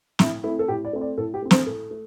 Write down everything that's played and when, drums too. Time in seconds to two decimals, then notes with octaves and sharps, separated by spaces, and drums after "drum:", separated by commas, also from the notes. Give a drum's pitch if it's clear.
0.19 A2 E4, drum: snare
0.44 A3 C4 E4
0.59 A4
0.68 A2 G4
0.85 D5
0.93 A3 C4
1.01 D5
1.18 A2 A4
1.34 G4
1.42 A3 C4
1.51 C5, drum: snare
1.67 A2 A4
1.91 A3